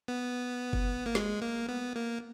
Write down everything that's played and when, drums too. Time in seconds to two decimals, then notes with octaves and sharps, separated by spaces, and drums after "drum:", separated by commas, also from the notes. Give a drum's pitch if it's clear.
0.08 B3
0.73 drum: kick F#1
1.06 A#3
1.15 G#3, drum: snare
1.42 A#3
1.68 B3
1.96 A#3